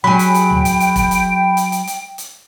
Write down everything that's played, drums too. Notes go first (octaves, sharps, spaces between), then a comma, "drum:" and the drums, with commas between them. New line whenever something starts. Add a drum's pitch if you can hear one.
F#3 G#4 G5 B5
drum: hi-hat
drum: hi-hat
drum: tom
drum: hi-hat
drum: hi-hat
drum: kick E1, hi-hat
drum: hi-hat
drum: hi-hat
drum: hi-hat
drum: hi-hat
drum: hi-hat